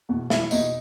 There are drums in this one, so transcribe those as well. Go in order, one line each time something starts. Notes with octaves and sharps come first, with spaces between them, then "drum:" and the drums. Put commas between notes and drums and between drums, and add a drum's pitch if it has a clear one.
E2 B2
E1 E4, drum: snare
E2 B2 D#4, drum: tambourine